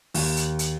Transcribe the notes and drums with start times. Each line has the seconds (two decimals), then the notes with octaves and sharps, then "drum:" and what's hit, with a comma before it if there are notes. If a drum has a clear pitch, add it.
0.14 D#2, drum: open hi-hat
0.37 drum: hi-hat
0.59 drum: hi-hat